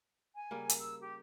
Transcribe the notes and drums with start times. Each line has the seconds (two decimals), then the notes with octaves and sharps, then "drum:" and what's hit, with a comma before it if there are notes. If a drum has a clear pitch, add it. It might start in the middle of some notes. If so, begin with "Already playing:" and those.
0.35 G#5
0.51 C#3 G3 A#3
0.70 drum: hi-hat
0.79 E6
1.01 G4